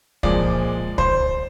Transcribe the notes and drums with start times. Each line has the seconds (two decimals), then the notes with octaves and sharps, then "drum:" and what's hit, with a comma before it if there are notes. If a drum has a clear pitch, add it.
0.23 A#2 F3 G#3 D5, drum: kick
0.98 C5, drum: kick